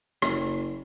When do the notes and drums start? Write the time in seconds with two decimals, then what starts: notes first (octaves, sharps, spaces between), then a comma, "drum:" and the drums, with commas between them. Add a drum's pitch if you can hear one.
0.22 F#1, drum: rim click